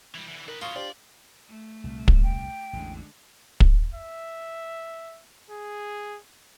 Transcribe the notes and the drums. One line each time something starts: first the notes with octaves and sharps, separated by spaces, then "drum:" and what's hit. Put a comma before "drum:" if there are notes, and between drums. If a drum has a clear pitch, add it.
E3 G3
D3 E3
D#4 A#4 B4
A2 F#3 F4 C#6 D#6 C7
D4 G4 C5 D5
A3
C2 A#2
drum: kick
G5
A1 E2 D3 G#3
drum: kick
E5
G#4